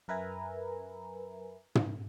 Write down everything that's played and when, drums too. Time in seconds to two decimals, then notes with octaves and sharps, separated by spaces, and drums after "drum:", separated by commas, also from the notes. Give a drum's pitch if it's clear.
0.08 F#2 A#4 B4 E5 G#5 A#5
1.75 drum: tom